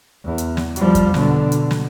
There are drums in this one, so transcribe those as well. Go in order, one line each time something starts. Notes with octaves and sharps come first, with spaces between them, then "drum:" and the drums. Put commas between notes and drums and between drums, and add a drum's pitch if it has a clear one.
E2
drum: hi-hat
drum: snare
F3 G3, drum: hi-hat
drum: kick F2, hi-hat
B2 D3, drum: snare
drum: hi-hat
drum: snare